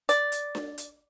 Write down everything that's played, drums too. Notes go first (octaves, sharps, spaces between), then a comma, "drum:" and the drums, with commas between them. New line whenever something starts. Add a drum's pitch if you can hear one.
D5, drum: hi-hat
drum: hi-hat
drum: snare D4
drum: hi-hat